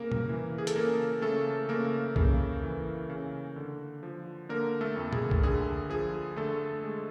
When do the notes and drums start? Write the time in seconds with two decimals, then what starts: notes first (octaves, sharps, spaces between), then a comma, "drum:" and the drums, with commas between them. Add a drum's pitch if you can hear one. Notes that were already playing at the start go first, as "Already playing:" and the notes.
Already playing: C#3 A#3 A#4
0.12 drum: tom
0.29 E3
0.58 G#4
0.67 A4, drum: hi-hat
0.76 C#3 A#3 A#4
1.22 C#3 A3 A4
1.69 C#3 A#3 A#4
2.16 C#3, drum: kick
2.63 E3
3.10 C#3
3.56 D3
4.03 F3
4.49 D3 A#3 A#4
4.81 A3 A4
4.96 F2
5.13 G#4, drum: tom
5.31 drum: kick
5.43 D3 G#4
5.90 F3 G#4
6.36 D3 A3 A4
6.84 G#3